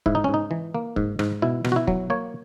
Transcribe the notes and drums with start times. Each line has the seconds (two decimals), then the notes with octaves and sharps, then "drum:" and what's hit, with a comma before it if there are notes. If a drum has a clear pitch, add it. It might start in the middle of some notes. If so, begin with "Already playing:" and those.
0.06 G#2 E4, drum: kick
0.15 D#4
0.24 G#2 C#4
0.34 D#4
0.51 E3
0.75 A#3
0.96 G#2, drum: kick
1.19 G#2, drum: rim click
1.42 B2 E4
1.65 B2, drum: rim click
1.72 F#4
1.76 E4
1.88 F#3, drum: kick
2.10 A#3 C#5